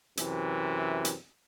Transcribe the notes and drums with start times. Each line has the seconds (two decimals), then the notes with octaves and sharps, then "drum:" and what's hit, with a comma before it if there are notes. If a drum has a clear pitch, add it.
0.17 F#2 C3 E3, drum: hi-hat
1.05 drum: hi-hat